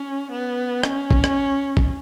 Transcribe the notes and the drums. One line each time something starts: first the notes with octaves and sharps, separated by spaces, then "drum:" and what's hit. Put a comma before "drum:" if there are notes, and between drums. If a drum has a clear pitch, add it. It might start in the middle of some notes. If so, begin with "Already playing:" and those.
Already playing: C#4
B3
C#4, drum: rim click
drum: kick
drum: rim click
drum: kick